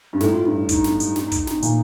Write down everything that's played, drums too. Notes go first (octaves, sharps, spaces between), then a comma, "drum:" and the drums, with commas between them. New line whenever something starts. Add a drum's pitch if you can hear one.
G2
A2 D#4, drum: snare
F4
G2 D#4
D#4, drum: kick, hi-hat
drum: snare
drum: hi-hat
drum: snare
drum: kick, hi-hat
drum: snare
A#2, drum: hi-hat